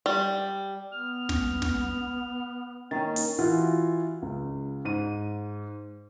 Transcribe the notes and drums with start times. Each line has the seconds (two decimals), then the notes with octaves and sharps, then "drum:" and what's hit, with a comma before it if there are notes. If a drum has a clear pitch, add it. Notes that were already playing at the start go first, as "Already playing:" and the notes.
0.06 G3
0.92 B3 F6
1.29 drum: snare
1.62 drum: snare
2.91 D#3 A#3 C#4 D#4 A6
3.16 drum: open hi-hat
3.39 E3 F4 F#4
4.22 C#2
4.85 G#2 D#7